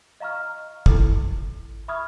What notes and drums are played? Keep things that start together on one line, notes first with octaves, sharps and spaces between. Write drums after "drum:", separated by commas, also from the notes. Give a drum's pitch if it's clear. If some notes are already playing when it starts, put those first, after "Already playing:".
D#5 F5 A#5 C#6 F6
E4 A4, drum: kick
E5 B5 C#6 D#6 F6 G#6